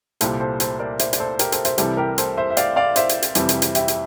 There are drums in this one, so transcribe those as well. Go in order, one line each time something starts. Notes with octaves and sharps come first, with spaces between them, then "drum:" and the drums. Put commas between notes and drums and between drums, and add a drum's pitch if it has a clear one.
C2 A#2 G3 A4 C5, drum: hi-hat
A4 C5
A4 C5, drum: hi-hat
A#4 D5
C5 E5, drum: hi-hat
D5, drum: hi-hat
A4 C5
G4 A#4, drum: hi-hat
A4 C5, drum: hi-hat
C5 E5, drum: hi-hat
C2 C3 E3 G3 A4 C5, drum: hi-hat
G4 A#4
A4 C5, drum: hi-hat
C5 E5
E5
D5 F5, drum: hi-hat
D5 F5
C5 E5, drum: hi-hat
drum: hi-hat
drum: hi-hat
F2 C3 E3 G3, drum: hi-hat
drum: hi-hat
drum: hi-hat
E4 G4, drum: hi-hat
drum: hi-hat